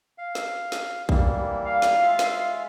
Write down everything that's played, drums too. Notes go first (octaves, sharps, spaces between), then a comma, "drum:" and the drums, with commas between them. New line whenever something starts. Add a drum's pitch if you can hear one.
F5
drum: snare
drum: snare
E3 G3 A#3, drum: kick A#1
F5
drum: snare
G#3 F4 E5
drum: snare